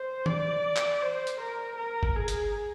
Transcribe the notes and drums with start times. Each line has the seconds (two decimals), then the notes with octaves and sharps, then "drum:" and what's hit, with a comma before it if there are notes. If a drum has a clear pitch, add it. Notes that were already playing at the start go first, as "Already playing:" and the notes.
Already playing: C5
0.26 D5, drum: tom E3
0.76 drum: clap
1.02 C5
1.27 drum: hi-hat
1.40 A#4
1.77 A#4
2.03 drum: kick G1
2.16 G#4
2.28 drum: hi-hat